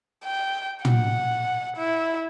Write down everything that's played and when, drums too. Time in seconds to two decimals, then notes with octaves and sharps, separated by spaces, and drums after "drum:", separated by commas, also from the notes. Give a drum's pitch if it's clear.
0.25 G5
0.85 F#5, drum: tom
1.76 E4